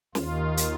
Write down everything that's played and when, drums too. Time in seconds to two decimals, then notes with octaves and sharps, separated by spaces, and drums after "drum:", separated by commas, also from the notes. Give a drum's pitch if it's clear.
0.15 D#2 D#3 F4, drum: snare
0.57 drum: hi-hat